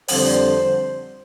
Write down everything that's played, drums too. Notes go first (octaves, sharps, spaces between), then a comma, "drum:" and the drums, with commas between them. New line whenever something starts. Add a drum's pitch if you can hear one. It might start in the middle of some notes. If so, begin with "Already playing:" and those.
F2 D3 G3 C4 C5, drum: open hi-hat